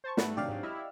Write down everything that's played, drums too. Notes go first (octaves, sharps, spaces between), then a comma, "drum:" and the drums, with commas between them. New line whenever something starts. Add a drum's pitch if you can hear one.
C5 A5 C#6
G#2 G3 A3 B4 F#5, drum: snare
C3 D#3 F#3 D4 G4 D5 F5
G#2 F#3 G#3 C4
E4 D#5 E6 F6